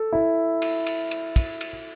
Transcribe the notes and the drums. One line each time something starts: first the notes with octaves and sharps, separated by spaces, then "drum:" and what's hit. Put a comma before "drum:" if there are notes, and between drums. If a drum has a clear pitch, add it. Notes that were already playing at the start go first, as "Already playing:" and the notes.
Already playing: A4
E4
drum: cymbal
drum: cymbal
drum: cymbal
drum: kick, cymbal
drum: cymbal